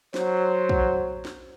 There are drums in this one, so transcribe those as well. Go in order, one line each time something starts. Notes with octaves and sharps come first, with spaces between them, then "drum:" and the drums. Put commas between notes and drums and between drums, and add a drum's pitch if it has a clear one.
F#3 C5, drum: snare
drum: kick
drum: snare